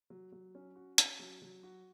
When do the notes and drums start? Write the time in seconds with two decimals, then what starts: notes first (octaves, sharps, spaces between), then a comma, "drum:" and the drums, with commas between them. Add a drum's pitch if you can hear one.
0.10 F#3
0.32 F#3
0.55 C#4
0.76 F#4
0.98 C#4, drum: hi-hat
1.19 F#3
1.42 F#3
1.63 F#4